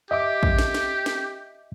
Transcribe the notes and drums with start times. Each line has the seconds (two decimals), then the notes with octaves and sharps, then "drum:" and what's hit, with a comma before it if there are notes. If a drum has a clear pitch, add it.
0.11 G4 D#5 E5 D6
0.43 drum: kick
0.59 drum: snare
0.74 drum: snare
1.06 drum: snare